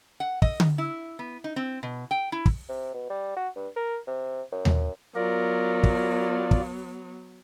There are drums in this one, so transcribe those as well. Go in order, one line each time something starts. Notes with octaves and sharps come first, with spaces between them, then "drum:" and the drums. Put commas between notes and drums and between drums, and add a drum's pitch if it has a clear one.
F#5
D#5, drum: kick
drum: tom D3
E4
B3
D#4
C4
B2
G5
E4
drum: kick
C3
B2
G3
F#4
G2
A#4
C3
F#2
drum: tom D#2
F#3 B3 F4 A#4 D5
drum: kick
drum: kick